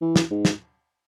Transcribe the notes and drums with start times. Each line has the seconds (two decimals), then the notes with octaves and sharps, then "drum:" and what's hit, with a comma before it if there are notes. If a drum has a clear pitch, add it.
0.01 E3
0.16 drum: snare
0.31 G#2
0.45 drum: snare